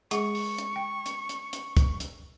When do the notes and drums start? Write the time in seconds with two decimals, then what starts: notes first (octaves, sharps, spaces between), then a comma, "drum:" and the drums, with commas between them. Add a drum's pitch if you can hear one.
0.11 G#3 G#4 F#5 C#6, drum: hi-hat
0.35 drum: open hi-hat
0.58 drum: hi-hat
0.76 G5
1.06 drum: hi-hat
1.29 drum: hi-hat
1.53 drum: hi-hat
1.77 drum: kick, hi-hat
2.00 drum: hi-hat